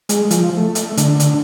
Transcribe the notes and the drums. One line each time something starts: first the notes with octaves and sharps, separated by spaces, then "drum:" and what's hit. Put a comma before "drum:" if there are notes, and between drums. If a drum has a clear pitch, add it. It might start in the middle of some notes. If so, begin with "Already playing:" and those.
G#3, drum: hi-hat
F3, drum: hi-hat
A3
drum: hi-hat
D3, drum: hi-hat
drum: hi-hat